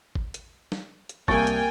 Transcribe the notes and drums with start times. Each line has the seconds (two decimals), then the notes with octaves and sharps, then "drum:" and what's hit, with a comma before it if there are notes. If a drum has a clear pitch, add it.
0.15 drum: kick
0.34 drum: hi-hat
0.72 drum: snare
1.09 drum: hi-hat
1.28 C2 A#3 G5 G#5 C#6 A6, drum: kick
1.47 drum: hi-hat